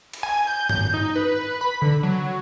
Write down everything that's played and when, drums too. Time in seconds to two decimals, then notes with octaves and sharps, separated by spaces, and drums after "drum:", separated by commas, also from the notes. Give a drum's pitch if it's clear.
0.13 drum: cymbal
0.23 G#5
0.47 G6
0.69 G6, drum: tom G2
0.94 D#4
1.16 B4
1.35 B4
1.61 B5
1.82 D3
2.03 F#3